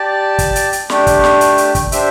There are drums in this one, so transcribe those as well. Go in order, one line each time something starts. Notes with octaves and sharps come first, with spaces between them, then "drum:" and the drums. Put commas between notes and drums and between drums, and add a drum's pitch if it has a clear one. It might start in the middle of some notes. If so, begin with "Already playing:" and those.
Already playing: G4 D5 A5
drum: kick, hi-hat
drum: hi-hat
drum: hi-hat
A3 D4 G4, drum: snare
drum: kick, hi-hat
drum: snare
drum: hi-hat
drum: hi-hat
drum: kick, hi-hat
D4 G4 C5 E5, drum: hi-hat